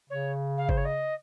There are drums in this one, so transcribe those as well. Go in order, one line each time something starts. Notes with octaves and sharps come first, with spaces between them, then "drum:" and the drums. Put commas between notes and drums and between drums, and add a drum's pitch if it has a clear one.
C#3 C#5
F5
C5, drum: kick
C#5
D#5